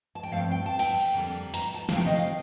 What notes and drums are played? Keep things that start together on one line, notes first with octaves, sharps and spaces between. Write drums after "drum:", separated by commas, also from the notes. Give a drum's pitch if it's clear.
A5
G5
G2 F3 A3 C4 F5
G5
A5
G5, drum: cymbal
F2 D3 G3 A#3
A#5, drum: hi-hat
A5
F5, drum: snare
C3 F3 A3 C4 G5
D#5
F5